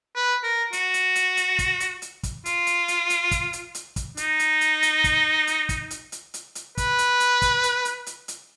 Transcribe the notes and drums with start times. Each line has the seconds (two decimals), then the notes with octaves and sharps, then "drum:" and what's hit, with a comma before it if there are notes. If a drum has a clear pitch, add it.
0.15 B4
0.43 A#4
0.73 F#4, drum: hi-hat
0.94 drum: hi-hat
1.15 drum: hi-hat
1.37 drum: hi-hat
1.59 drum: kick, hi-hat
1.80 drum: hi-hat
2.02 drum: hi-hat
2.23 drum: kick, hi-hat
2.46 F4, drum: hi-hat
2.67 drum: hi-hat
2.88 drum: hi-hat
3.10 drum: hi-hat
3.31 drum: kick, hi-hat
3.53 drum: hi-hat
3.75 drum: hi-hat
3.96 drum: kick, hi-hat
4.17 D#4, drum: hi-hat
4.39 drum: hi-hat
4.61 drum: hi-hat
4.83 drum: hi-hat
5.04 drum: kick, hi-hat
5.47 drum: hi-hat
5.69 drum: kick, hi-hat
5.91 drum: hi-hat
6.12 drum: hi-hat
6.34 drum: hi-hat
6.55 drum: hi-hat
6.77 B4, drum: kick, hi-hat
6.98 drum: hi-hat
7.20 drum: hi-hat
7.42 drum: kick, hi-hat
7.63 drum: hi-hat
7.85 drum: hi-hat
8.06 drum: hi-hat
8.28 drum: hi-hat